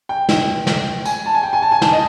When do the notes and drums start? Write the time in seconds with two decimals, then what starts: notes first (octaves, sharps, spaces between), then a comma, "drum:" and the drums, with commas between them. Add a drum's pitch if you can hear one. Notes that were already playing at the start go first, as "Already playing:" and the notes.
0.09 G5
0.29 drum: snare
0.67 drum: snare
1.05 G#5, drum: tambourine
1.26 A5
1.34 G#5
1.43 G5
1.53 G#5
1.62 A5
1.72 G#5
1.82 A5, drum: snare
1.92 D#5